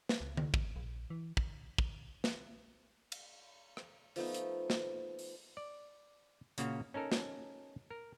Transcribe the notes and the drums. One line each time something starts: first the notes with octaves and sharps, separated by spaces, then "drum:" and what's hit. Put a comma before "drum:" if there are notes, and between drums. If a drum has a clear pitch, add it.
drum: snare
C#2
drum: tom D3
G#1, drum: kick
A#1
E3
drum: kick
drum: kick
drum: snare
drum: cymbal
drum: rim click
F3 A3 B3 D#4, drum: open hi-hat
drum: hi-hat
drum: snare
drum: open hi-hat
D5
A#2 C#3 A#3 F#4 C#5, drum: hi-hat
C#4 D#4 A4 A#4
drum: snare
A#4